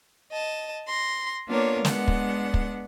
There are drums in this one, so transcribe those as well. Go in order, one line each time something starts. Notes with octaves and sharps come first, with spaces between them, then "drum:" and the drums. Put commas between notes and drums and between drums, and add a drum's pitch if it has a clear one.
D#5 A5
C6 A#6
A#3 B3 D4 F4 A#4 C#5
G#3 B3 D4 F#5, drum: snare
drum: kick
drum: kick